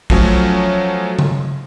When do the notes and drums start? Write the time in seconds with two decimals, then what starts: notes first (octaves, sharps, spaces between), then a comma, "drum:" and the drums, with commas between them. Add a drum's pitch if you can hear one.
0.10 F3 F#3 A3 C#4, drum: kick
1.19 drum: tom C#3